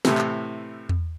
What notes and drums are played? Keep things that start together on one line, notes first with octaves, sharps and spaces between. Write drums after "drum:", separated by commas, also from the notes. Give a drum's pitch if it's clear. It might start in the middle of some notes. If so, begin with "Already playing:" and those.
A2 C3 E3, drum: snare
drum: clap
drum: tom E2